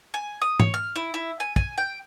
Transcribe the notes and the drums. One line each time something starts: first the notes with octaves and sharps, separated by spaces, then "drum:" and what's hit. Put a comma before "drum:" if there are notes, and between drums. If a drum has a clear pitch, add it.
G#5
D#6
C#5, drum: tom G#2
F6
E4
E4
G#5
G#5, drum: kick
G5